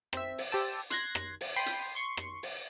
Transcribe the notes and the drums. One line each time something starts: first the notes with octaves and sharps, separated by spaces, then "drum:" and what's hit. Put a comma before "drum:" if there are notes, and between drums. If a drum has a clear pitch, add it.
C4 E5, drum: rim click
drum: open hi-hat
G4 C5 A5 E6
C6 F#6 G#6 A#6 C7, drum: hi-hat
drum: rim click
drum: open hi-hat
G5 B5 C6 C7 D#7
drum: hi-hat
C6 C#6
drum: rim click
drum: open hi-hat